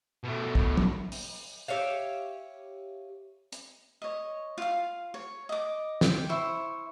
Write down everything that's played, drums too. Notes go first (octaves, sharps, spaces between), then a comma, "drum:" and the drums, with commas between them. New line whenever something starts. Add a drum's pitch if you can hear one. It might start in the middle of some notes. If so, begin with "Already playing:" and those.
B2 A3
drum: kick
drum: tom
drum: open hi-hat
G4 C#5 E5 F5
drum: hi-hat
C#5 D#5
F4 F5
C#5
D#5 D6
G5, drum: snare
E4 C5 E5 C#6